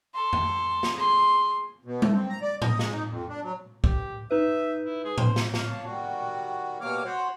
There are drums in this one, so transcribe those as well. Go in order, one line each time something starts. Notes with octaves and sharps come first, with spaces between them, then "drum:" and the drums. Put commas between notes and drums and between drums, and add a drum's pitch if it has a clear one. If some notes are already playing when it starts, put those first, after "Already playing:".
A4 C6
drum: tom F2
drum: snare
G#4 C6
B2
A3, drum: tom G3
C4
A#5
D5
D#5, drum: tom A2
G#3, drum: snare
D#4
F2
D4
F#3
G4, drum: kick
D#4 B4 E5
E4
G#4
C5, drum: tom A2
drum: snare
C#5 F5 A5, drum: snare
D#3 G3 F#4
B2 G3 A#3 C#5 D6 F6
F#4 C5 C#5 F#5